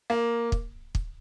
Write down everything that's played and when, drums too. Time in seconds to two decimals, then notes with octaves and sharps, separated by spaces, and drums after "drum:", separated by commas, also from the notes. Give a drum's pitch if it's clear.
0.10 A#3
0.52 drum: kick
0.95 drum: kick